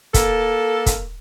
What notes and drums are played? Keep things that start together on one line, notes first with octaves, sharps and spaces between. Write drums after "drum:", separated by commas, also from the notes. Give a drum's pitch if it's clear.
A#3 A4, drum: kick, hi-hat
drum: kick, hi-hat